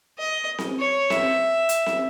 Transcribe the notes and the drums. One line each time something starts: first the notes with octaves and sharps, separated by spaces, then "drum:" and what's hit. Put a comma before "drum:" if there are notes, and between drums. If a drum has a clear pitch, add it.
D#5
drum: snare C4
C#5
E5, drum: snare C4
drum: hi-hat
drum: snare C4